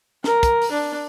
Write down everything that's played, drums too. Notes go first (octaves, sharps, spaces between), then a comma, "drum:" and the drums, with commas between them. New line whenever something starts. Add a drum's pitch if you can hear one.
A#4, drum: snare
drum: kick, hi-hat
drum: open hi-hat
D4